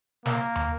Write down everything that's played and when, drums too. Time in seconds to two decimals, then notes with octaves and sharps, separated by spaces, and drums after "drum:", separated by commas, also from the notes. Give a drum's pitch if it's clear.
0.26 A#3, drum: snare
0.56 drum: tom D#2